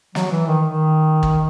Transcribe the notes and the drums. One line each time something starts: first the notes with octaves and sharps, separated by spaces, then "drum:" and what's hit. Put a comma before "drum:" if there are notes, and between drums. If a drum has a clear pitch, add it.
F#3, drum: snare
E3
D#3
D#3
drum: kick